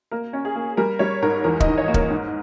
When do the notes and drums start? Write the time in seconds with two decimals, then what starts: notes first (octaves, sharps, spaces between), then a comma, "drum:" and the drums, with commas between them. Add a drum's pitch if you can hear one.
0.11 A#3 A#4
0.33 C#4
0.45 G#4
0.56 A#3
0.77 G3 A#4
0.99 G3 C#5
1.22 G#2 A#4
1.44 E2 A#4
1.60 D#5, drum: kick
1.67 D#3
1.78 C#5
1.88 A#3
1.94 A#4, drum: kick
2.10 G#2